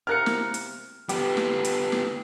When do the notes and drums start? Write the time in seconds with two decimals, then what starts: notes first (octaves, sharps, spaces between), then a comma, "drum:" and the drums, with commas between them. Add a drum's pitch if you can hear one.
0.07 C3 A#4 F5 F6 F#6 C#7
0.26 drum: snare
0.54 drum: hi-hat
1.09 G3 B3 G4, drum: hi-hat
1.37 drum: snare
1.65 drum: hi-hat
1.92 drum: snare